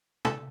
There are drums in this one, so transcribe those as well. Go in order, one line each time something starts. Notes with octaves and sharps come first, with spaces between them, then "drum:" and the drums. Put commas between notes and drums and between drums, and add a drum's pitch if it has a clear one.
A4, drum: tom